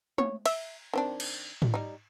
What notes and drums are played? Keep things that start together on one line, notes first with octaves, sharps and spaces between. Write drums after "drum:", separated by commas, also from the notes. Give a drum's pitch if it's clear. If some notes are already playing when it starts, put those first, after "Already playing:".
C#5, drum: tom G#3
E5, drum: cymbal
D#3 C4 D4
drum: cymbal
drum: tom
G3 D#4